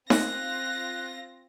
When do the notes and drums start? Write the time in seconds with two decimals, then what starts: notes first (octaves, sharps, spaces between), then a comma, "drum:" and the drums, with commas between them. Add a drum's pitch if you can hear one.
0.10 C4 F4 F#6 A#6, drum: snare D#4